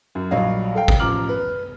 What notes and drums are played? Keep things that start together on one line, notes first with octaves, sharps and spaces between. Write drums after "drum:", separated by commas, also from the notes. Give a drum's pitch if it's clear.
F#2
A#1 F#3 G3 C#5 D#5 F5
A4 F5 G5
drum: kick
A1 F3 A#5 D6 F6 F#7
B4